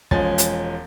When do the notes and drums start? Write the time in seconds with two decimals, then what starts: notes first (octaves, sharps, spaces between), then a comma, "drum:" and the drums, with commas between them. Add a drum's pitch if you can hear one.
0.11 E1 F3 G#3 C#4 G#5 A6, drum: kick
0.38 drum: hi-hat